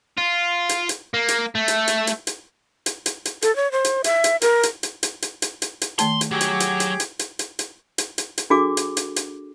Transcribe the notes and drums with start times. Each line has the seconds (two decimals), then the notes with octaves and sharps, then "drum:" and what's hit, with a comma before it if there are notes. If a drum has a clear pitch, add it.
0.18 F4
0.69 drum: hi-hat
0.89 drum: hi-hat
1.14 A#3
1.28 drum: hi-hat
1.55 A3
1.68 drum: hi-hat
1.88 drum: hi-hat
2.07 drum: hi-hat
2.27 drum: hi-hat
2.86 drum: hi-hat
3.06 drum: hi-hat
3.25 drum: hi-hat
3.42 A4, drum: hi-hat
3.56 C#5
3.72 C5
3.85 drum: hi-hat
4.04 E5, drum: hi-hat
4.24 drum: hi-hat
4.42 A#4, drum: hi-hat
4.63 drum: hi-hat
4.83 drum: hi-hat
5.03 drum: hi-hat
5.22 drum: hi-hat
5.42 drum: hi-hat
5.62 drum: hi-hat
5.81 drum: hi-hat
5.99 D#3 A3 A5 C6, drum: hi-hat
6.21 drum: hi-hat
6.31 F#3 G4 G#4 D6
6.41 drum: hi-hat
6.60 drum: hi-hat
6.80 drum: hi-hat
7.00 drum: hi-hat
7.19 drum: hi-hat
7.39 drum: hi-hat
7.59 drum: hi-hat
7.98 drum: hi-hat
8.18 drum: hi-hat
8.38 drum: hi-hat
8.50 D4 F#4 G#4 A4 D6
8.77 drum: hi-hat
8.97 drum: hi-hat
9.16 drum: hi-hat